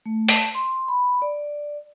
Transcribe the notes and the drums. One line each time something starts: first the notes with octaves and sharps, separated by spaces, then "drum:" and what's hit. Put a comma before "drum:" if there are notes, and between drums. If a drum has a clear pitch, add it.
A3
A5, drum: open hi-hat
C6
B5
D5